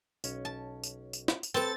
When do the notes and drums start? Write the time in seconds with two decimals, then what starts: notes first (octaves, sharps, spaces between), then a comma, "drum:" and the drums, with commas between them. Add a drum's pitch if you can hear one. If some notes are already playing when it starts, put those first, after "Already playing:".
0.24 B1 C#4, drum: tambourine
0.45 A5
0.84 drum: tambourine
1.13 drum: tambourine
1.28 drum: snare
1.43 drum: tambourine
1.54 C4 A4 B4 A5 A6